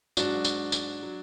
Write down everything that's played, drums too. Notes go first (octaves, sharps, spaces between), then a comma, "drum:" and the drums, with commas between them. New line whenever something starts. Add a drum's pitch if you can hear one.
G#2 F#3 D4 F#4, drum: tambourine
drum: tambourine
drum: tambourine
F#3